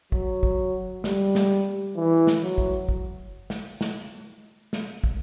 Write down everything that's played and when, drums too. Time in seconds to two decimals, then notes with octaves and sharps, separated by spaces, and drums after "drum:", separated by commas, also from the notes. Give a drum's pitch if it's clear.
0.12 F#3, drum: kick
0.43 drum: kick
1.04 G3, drum: snare
1.35 drum: snare
1.97 E3
2.27 drum: snare
2.43 F#3
2.58 drum: kick
2.89 drum: kick
3.50 drum: snare
3.81 drum: snare
4.73 drum: snare
5.04 drum: kick